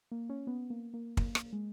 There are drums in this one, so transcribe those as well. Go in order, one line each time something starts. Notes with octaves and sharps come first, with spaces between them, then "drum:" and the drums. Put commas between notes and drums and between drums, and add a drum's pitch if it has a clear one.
A#3
C#4
B3
A#3
A#3
A#3, drum: kick
drum: rim click
G#3